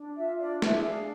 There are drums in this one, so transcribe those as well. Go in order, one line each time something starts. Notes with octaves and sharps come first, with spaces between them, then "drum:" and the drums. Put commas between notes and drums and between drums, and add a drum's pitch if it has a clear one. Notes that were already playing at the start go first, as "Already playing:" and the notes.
Already playing: D4
F4 E5
D4 D5
G#4 E5, drum: snare
D4 F5